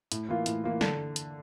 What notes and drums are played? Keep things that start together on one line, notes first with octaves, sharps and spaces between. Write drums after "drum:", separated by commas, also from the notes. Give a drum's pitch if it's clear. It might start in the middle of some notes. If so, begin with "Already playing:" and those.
A2, drum: hi-hat
E3 A#3 F4
A2, drum: hi-hat
E3 A#3 F4
D3, drum: snare
drum: hi-hat